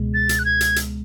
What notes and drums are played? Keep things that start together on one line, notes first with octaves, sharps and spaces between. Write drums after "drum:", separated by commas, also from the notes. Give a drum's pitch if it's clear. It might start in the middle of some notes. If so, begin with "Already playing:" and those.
Already playing: C#2 B2 G#3
A6
drum: hi-hat
F#6
G#6
drum: hi-hat
drum: hi-hat